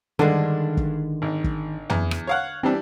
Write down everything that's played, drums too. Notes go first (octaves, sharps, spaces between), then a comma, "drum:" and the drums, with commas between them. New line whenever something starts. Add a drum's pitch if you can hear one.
G2 D3 D#3 G#3 D4
drum: kick
G#1
drum: kick
E2, drum: tom
drum: rim click
C#5 F5 F#5
E3 G3 C4 D4